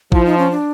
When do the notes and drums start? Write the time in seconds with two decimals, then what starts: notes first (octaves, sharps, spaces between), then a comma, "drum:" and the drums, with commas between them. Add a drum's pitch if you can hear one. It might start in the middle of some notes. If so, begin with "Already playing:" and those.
0.12 F3 E4, drum: kick
0.26 D#4
0.38 C#4
0.51 D4